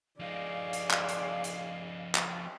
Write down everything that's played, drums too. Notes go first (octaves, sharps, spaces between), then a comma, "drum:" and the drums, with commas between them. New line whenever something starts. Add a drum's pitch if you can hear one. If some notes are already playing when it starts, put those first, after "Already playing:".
F3 D#4 G#4 D5 F5
drum: hi-hat
drum: clap
drum: hi-hat
drum: hi-hat
drum: clap